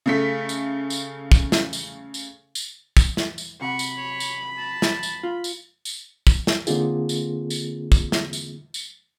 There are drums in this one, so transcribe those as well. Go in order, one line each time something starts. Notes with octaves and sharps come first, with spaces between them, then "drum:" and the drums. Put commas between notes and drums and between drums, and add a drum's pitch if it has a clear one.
C#3 A3 B6
drum: tambourine
drum: tambourine
drum: kick, tambourine
drum: snare
drum: tambourine
drum: tambourine
drum: tambourine
drum: kick, tambourine
drum: snare
drum: tambourine
C3 F#5 B5 C#6
drum: tambourine
C#5
drum: tambourine
A5
drum: snare
drum: tambourine
F4
drum: tambourine
drum: tambourine
drum: kick, tambourine
drum: snare
D3 A#3 C4 D#4 F4 G#4, drum: tambourine
drum: tambourine
drum: tambourine
drum: kick, tambourine
drum: snare
drum: tambourine
drum: tambourine